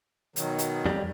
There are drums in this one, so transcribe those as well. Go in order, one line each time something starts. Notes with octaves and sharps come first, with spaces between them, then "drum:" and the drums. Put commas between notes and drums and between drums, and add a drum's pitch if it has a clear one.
B2 D#3 F#3, drum: hi-hat
drum: hi-hat
F2 G3